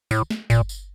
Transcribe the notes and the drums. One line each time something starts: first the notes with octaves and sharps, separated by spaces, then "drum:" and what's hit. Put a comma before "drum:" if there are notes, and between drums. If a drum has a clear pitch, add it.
A2, drum: tambourine
drum: snare
A#2, drum: kick G1, tambourine
drum: tambourine